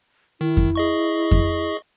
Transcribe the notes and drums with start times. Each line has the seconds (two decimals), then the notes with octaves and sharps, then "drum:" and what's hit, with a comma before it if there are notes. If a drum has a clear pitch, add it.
0.41 D#3 E4
0.57 drum: kick F2
0.76 G#4 D#5 C#6
1.31 drum: kick F2